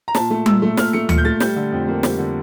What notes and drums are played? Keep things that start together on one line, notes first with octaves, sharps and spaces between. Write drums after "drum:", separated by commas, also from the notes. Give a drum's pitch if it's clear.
A#5
A#2 A5, drum: snare
A3
A#2 E6, drum: tom G3
A3
A#2 F6, drum: snare
A3 C#7
A#2 C#7, drum: tom D2
G6
A3 A6
G3 G6, drum: snare
D3
F2
A#3
G3, drum: snare
D3